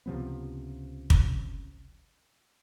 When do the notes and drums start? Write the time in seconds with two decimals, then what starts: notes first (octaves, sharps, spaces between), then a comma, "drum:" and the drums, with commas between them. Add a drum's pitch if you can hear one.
0.06 C#2 C3 F3 B3
1.10 drum: kick